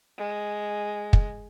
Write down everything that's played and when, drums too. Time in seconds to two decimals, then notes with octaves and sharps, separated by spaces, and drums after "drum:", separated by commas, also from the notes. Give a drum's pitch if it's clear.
0.17 G#3
1.13 drum: kick